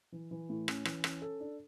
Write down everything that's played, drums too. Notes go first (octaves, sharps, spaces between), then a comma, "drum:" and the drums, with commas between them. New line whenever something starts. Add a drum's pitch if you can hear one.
E3
E3
A2
C#4, drum: rim click
E3, drum: rim click
C#4, drum: rim click
A4
D4